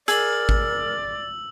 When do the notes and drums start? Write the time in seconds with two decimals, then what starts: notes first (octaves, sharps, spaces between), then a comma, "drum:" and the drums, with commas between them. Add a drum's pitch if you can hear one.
0.08 G#4 A#4 D5 E6 F#7, drum: hi-hat
0.49 drum: kick G#1